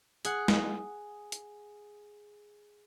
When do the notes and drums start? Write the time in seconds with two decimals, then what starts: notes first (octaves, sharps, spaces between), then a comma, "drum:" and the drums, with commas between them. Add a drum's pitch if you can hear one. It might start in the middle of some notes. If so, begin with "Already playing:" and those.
0.25 G#4 F#5, drum: hi-hat
0.48 drum: snare
1.32 drum: hi-hat